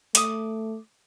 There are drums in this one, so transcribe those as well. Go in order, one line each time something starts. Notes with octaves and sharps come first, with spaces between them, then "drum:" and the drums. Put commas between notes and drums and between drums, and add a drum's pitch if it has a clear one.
A3 D6 D#6, drum: hi-hat